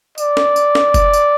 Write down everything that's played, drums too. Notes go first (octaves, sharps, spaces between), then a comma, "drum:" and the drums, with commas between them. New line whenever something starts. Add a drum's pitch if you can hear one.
D5, drum: tambourine
drum: snare
drum: tambourine
drum: snare
drum: kick, tambourine
drum: tambourine